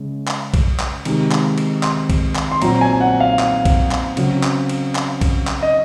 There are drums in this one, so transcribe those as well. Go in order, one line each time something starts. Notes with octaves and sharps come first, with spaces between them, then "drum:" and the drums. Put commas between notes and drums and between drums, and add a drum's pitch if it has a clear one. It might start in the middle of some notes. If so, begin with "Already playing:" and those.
Already playing: C#3 G#3 C#4
drum: clap
drum: kick A#1, cymbal
drum: clap
C3 D#3 G#3, drum: cymbal
drum: clap
drum: cymbal
C6, drum: clap
drum: kick A#1, cymbal
drum: clap
C6
A#2 F#3 C4 A#5, drum: cymbal
G#5
F#5
F5
F5, drum: clap
drum: kick A#1, cymbal
drum: clap
C#3 F#3 C4, drum: cymbal
drum: clap
drum: cymbal
drum: clap
drum: kick A#1, cymbal
drum: clap
D#5